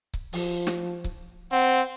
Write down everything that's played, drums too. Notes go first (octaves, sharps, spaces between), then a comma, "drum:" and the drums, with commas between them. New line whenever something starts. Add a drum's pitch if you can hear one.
drum: kick C#1
F3, drum: open hi-hat
drum: snare
drum: kick C#1
C4 F#5